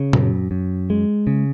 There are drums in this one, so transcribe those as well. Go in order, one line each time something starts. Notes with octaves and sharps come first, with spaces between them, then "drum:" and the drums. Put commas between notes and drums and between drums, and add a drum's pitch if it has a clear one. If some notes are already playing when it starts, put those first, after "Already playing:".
Already playing: C#3
F#2, drum: tom A#2
F#2
G#3
C#3